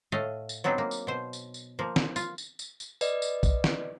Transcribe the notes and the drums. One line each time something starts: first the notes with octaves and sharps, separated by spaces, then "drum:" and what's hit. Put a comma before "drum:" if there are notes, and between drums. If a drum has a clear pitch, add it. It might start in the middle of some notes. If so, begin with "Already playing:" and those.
A2 A3 D#5 F5
drum: tambourine
F#3 B3 C4 D4 D#4
A#3
drum: tambourine
B2 C5
drum: tambourine
drum: tambourine
F3 A#3
drum: snare
F4, drum: tambourine
drum: tambourine
drum: tambourine
drum: tambourine
B4 D5 D#5, drum: tambourine
drum: tambourine
drum: kick, tambourine
drum: snare